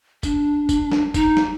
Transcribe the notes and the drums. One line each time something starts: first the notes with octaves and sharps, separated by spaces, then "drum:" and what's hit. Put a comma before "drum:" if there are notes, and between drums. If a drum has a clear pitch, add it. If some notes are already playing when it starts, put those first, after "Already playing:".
D4, drum: kick F#1, tambourine
drum: kick F#1, tambourine
drum: snare
D#4, drum: kick F#1, tambourine
drum: snare